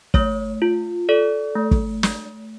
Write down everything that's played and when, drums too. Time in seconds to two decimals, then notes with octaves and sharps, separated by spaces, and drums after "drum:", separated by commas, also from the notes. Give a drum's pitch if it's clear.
0.14 A3 C#5, drum: kick
0.62 F4
1.09 A4 D5
1.56 A3
1.71 drum: kick
2.03 A3, drum: snare